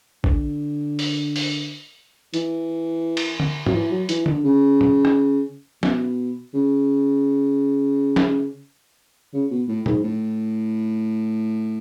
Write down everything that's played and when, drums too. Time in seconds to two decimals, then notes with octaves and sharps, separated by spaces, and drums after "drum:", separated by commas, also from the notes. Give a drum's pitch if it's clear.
0.24 D3, drum: kick A#1
0.99 drum: open hi-hat
1.36 drum: open hi-hat
2.34 E3, drum: hi-hat
3.17 drum: cymbal
3.40 drum: tom
3.66 F#3, drum: tom
3.74 E3
3.91 F#3
4.09 E3, drum: hi-hat
4.26 D3, drum: tom
4.44 C#3
4.81 drum: tom A#2
5.05 drum: rim click
5.83 B2, drum: snare
6.54 C#3
8.16 drum: snare
9.33 C#3
9.50 B2
9.68 A2
9.86 G#2, drum: tom A#2
10.03 A2